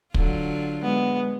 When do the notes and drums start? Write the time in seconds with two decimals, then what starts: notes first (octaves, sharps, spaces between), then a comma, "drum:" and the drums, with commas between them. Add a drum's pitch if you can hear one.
0.14 D3 F#3 F4, drum: kick
0.82 G#3 B3